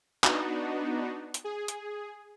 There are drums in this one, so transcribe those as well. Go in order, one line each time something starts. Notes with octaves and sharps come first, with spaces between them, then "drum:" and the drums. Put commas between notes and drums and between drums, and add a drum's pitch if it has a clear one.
B3 D4 D#4 F#4, drum: clap
drum: hi-hat
G#4
drum: hi-hat